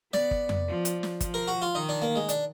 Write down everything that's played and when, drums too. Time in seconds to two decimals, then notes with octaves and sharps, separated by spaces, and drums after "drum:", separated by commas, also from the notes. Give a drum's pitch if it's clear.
0.13 B3 D5, drum: snare
0.31 drum: kick
0.49 drum: tom F2
0.68 F3
0.85 drum: hi-hat
1.03 drum: snare
1.21 F3, drum: kick, hi-hat
1.34 A#4
1.48 F#4
1.62 F4
1.75 D#3 D#4
1.89 D4
2.02 A#3
2.16 G#3
2.29 D4, drum: hi-hat